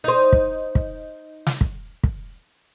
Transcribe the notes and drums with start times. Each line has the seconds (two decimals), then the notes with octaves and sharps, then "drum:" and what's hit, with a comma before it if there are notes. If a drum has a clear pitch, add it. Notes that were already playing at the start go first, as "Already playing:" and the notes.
0.04 D#4 C5
0.33 drum: kick
0.75 drum: kick
1.47 drum: snare
1.61 drum: kick
2.04 drum: kick